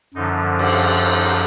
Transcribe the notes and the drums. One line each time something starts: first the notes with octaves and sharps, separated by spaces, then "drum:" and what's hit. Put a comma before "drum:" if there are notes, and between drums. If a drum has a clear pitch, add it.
F#2 D3 F3 D#4
D4, drum: cymbal
D#4